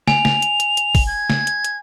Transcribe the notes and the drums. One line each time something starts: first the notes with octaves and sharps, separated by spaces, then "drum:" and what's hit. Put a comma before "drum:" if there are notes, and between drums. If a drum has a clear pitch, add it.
G#5 F7, drum: snare
drum: snare
drum: hi-hat
drum: hi-hat
drum: hi-hat
drum: kick, open hi-hat
G#6
drum: snare
drum: hi-hat
drum: hi-hat